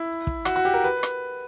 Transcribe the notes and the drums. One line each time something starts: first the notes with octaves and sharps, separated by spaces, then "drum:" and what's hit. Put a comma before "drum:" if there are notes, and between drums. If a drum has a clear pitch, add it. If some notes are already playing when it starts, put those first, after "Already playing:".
Already playing: E4
drum: kick
F#4, drum: rim click
F#4
G4
A#4
B4
drum: rim click